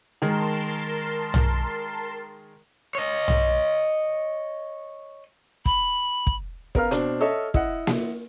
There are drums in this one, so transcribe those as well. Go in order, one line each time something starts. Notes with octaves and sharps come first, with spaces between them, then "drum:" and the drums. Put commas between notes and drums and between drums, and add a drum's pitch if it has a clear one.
D#3 G#3 A#4 A5 C6
drum: tom
C#5 D#5
drum: tom
B5, drum: kick
drum: kick
B3 A#4 F5 F6, drum: kick
B2 C4 D4, drum: hi-hat
A4 C#5 D#5 E5
E4 D#5 F#5, drum: kick
drum: snare A#3